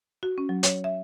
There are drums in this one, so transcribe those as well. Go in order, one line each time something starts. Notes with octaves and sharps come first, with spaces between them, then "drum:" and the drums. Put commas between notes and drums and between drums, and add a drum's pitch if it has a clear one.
F#4
C#4
F#3
C#5, drum: hi-hat
E5